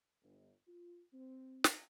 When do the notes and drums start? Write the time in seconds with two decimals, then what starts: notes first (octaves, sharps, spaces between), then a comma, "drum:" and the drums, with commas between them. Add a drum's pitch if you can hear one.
0.22 G1
0.67 F4
1.13 C4
1.64 drum: snare